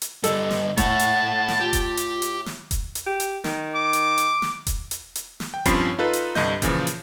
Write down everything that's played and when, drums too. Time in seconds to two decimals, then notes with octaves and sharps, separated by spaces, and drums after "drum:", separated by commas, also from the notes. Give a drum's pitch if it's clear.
0.02 drum: hi-hat
0.24 G2 D3 A4 D#5, drum: hi-hat
0.51 drum: snare
0.77 A2 A3 C#5 F#5 A5, drum: kick E1, hi-hat
0.99 drum: hi-hat
1.48 drum: snare
1.60 F4 G4
1.73 drum: kick E1, hi-hat
1.97 drum: hi-hat
2.22 drum: hi-hat
2.46 drum: snare
2.71 drum: kick E1, hi-hat
2.95 drum: hi-hat
3.06 G4
3.20 drum: hi-hat
3.44 D#3, drum: snare
3.75 D6
3.93 drum: hi-hat
4.18 drum: hi-hat
4.42 drum: snare
4.67 drum: kick E1, hi-hat
4.91 drum: hi-hat
5.15 drum: hi-hat
5.40 drum: snare
5.54 G5
5.65 G2 F3 C4 C#4 B5 C7, drum: kick E1, hi-hat
5.99 D#4 F4 A4 B4
6.13 drum: hi-hat
6.35 C2 G2 D3 D#5 G6, drum: snare
6.62 A#2 C#3 E3 F3, drum: kick E1, hi-hat
6.87 drum: hi-hat